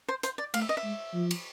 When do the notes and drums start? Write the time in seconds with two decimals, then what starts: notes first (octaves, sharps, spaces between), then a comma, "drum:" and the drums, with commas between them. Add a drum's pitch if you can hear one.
0.08 C5
0.23 C5, drum: hi-hat
0.38 D5
0.54 A3 F5, drum: cymbal
0.61 E5
0.69 D#5
0.77 E5
0.84 G#3
1.14 F3
1.31 drum: cymbal